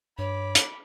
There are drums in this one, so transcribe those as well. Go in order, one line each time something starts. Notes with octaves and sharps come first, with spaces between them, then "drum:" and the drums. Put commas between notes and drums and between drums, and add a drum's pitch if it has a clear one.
G2 C#5 B5 D6
drum: hi-hat